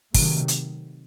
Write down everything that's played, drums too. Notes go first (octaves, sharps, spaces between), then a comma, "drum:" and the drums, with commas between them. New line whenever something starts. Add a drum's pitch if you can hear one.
C3 D#3 F#3 A3, drum: kick, open hi-hat
drum: hi-hat